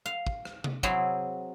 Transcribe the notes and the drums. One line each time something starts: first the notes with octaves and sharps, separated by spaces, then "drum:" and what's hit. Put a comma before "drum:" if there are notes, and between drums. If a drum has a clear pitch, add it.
F5
drum: kick
drum: rim click
drum: tom C3
F#3 C4 E4 G#4, drum: kick